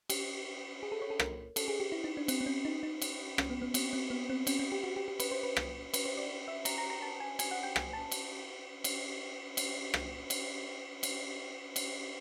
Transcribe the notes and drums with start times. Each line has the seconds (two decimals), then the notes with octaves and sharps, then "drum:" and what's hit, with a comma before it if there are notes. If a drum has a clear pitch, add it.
0.10 G4, drum: cymbal
0.83 G#4
0.92 A4
1.02 C#5
1.10 A4
1.20 A#4, drum: rim click
1.56 A4, drum: cymbal
1.68 G#4
1.80 G4
1.92 E4
2.04 D#4
2.17 D4
2.28 C4, drum: cymbal
2.41 C4
2.46 C#4
2.65 D#4
2.83 D#4
3.02 drum: cymbal
3.38 C#4, drum: rim click
3.50 B3
3.62 B3
3.74 C4, drum: cymbal
3.93 C4
4.10 B3
4.30 C4
4.47 C#4, drum: cymbal
4.59 C#4
4.72 G4
4.84 F#4
4.96 G4
5.08 G4
5.20 B4, drum: cymbal
5.31 C5
5.43 B4
5.57 drum: rim click
5.94 B4, drum: cymbal
6.06 C5
6.17 D5
6.48 E5
6.65 A#5, drum: cymbal
6.78 A#5
6.90 A#5
7.02 A5
7.20 G#5
7.39 G#5, drum: cymbal
7.51 F#5
7.63 G5
7.76 G#5, drum: rim click
7.93 A5
8.12 drum: cymbal
8.84 drum: cymbal
9.57 drum: cymbal
9.94 drum: rim click
10.30 drum: cymbal
11.03 drum: cymbal
11.76 drum: cymbal